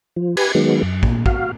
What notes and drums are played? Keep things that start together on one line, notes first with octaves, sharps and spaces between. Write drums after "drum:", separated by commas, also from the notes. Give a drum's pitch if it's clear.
F3
G4 B4 G#5, drum: cymbal
D#3 F#3 G#3 B3
F#2
A#2, drum: kick
F#4 F5, drum: kick